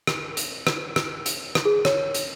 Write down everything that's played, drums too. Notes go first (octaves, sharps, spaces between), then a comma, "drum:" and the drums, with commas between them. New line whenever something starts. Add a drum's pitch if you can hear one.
drum: rim click
drum: hi-hat
drum: rim click
drum: rim click
drum: hi-hat
drum: rim click
G#4
C#5, drum: rim click
drum: hi-hat